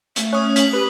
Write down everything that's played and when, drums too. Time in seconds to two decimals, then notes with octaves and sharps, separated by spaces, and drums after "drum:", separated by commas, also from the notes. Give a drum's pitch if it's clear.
0.16 A3, drum: hi-hat
0.33 C#4 D#6 F#6
0.56 B6 F#7, drum: hi-hat
0.73 G4 B4